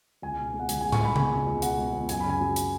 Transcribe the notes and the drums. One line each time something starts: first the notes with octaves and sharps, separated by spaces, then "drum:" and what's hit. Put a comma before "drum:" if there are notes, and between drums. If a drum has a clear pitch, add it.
C#2 G#5
B2
G#3
F#5
C#2 G#5, drum: hi-hat
G#5
C#2
C#6, drum: tom A2
B2 B5
G#3 G#5, drum: tom C#3
C#2
C#2
B2 F#5, drum: hi-hat
G#3
C#2
F#2 G#5, drum: hi-hat
B5
C#3 G#5
F#3
drum: hi-hat